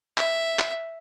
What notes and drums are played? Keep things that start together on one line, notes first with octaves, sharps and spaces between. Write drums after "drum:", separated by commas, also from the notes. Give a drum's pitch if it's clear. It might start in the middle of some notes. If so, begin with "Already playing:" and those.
E5, drum: clap
drum: clap